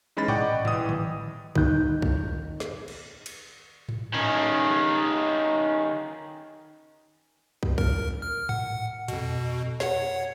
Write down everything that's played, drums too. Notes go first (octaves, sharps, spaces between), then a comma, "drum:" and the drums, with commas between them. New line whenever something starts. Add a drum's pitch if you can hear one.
E3 G#3 C#4 D#4 B5 A6
D5 D#5 F#5 G5 C#6 D6, drum: tom G#2
A1 E3 D#6, drum: tom G#2
drum: tom D3
D#3 G6, drum: kick
drum: kick
drum: snare
drum: cymbal
drum: cymbal
drum: tom G#2
D#3 C#4
drum: kick
A#4, drum: kick
F6
F#5, drum: tom G#2
F2 B2, drum: hi-hat
C#5 F#5, drum: snare